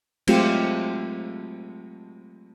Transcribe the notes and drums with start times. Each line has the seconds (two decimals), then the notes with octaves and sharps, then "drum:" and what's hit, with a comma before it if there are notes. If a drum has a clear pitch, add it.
0.27 F#3 G#3 A3 C4 F4 G4, drum: cymbal